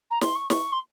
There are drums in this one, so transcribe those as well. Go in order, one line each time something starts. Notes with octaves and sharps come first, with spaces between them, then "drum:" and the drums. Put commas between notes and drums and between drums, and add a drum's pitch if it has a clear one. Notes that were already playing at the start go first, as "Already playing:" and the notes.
A#5
C6, drum: snare
C#6
C#6, drum: snare
C6